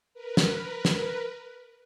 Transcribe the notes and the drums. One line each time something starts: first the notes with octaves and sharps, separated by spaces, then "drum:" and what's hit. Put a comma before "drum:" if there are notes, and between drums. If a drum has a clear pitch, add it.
A#4 B4
drum: snare
drum: snare